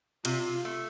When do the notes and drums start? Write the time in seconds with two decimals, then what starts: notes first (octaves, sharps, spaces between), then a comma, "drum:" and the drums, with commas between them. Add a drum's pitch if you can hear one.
0.25 C3 F4, drum: cymbal
0.65 A3